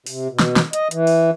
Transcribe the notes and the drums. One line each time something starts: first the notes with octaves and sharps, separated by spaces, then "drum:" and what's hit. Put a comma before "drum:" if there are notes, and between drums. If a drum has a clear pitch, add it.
C3, drum: open hi-hat
B2
drum: snare
drum: snare
D#5, drum: hi-hat
E3, drum: hi-hat
drum: open hi-hat